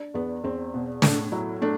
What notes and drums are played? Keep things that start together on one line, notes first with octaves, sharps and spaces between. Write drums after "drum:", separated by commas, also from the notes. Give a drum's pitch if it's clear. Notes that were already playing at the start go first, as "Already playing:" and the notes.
Already playing: D4
E2 B3
E2 C4
B2
A2 D4, drum: snare
F#3 E4
A3 D4